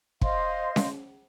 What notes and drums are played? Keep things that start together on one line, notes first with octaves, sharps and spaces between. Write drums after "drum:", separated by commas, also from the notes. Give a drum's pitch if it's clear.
C5 D#5 F5 C6, drum: kick
drum: snare C#4